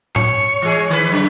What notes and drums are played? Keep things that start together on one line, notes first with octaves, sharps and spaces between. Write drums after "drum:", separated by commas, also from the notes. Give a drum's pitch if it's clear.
C#5, drum: tom A2
E3 G#3 G#4
D#3 B4
F#2 D3